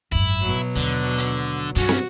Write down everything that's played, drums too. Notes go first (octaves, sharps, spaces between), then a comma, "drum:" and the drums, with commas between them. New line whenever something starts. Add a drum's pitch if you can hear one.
G#1 F#2 E4
B2 F#3
D#2 D3
drum: hi-hat
G2 D3 F#3 C#4 F#4
drum: snare